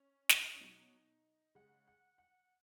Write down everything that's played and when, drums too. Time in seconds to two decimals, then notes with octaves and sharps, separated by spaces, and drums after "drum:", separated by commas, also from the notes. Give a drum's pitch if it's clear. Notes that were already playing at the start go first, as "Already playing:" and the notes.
Already playing: C#4
0.29 drum: snare
0.54 C#4
0.60 B2 F#3 D#4
1.55 C#3 G#3 F#5
1.87 F#5
2.18 F#5